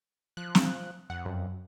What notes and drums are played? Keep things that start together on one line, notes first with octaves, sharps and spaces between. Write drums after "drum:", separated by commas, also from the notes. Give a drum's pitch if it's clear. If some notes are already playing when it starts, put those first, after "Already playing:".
F3 F#6
drum: snare
F2 F#5
F#2